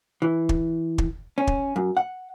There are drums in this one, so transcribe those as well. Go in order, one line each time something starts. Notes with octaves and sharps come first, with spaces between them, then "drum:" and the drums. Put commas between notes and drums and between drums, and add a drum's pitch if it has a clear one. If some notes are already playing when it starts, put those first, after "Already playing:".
E3
drum: kick
drum: kick
C#4
drum: kick
F#2
F#5